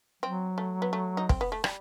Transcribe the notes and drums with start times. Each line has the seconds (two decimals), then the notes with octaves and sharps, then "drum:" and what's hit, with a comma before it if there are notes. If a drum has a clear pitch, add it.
0.23 F#3 C4
0.58 A3
0.82 B3
0.93 A3
1.17 D#4
1.29 C4, drum: kick
1.41 B3
1.52 A3
1.64 G3, drum: rim click